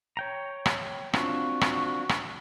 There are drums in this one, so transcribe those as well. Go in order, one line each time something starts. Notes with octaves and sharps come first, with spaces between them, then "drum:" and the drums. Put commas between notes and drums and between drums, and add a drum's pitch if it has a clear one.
C#5 G5 A#5
drum: rim click
C4 D4 F4 F#4, drum: rim click
drum: rim click
drum: rim click